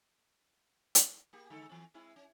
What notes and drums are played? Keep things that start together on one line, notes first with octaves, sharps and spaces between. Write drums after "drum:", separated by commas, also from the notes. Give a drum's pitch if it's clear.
drum: hi-hat
A#3 G4 G#4
D3 G#3 A4
E3 C4
G#3 C4 E4
C#4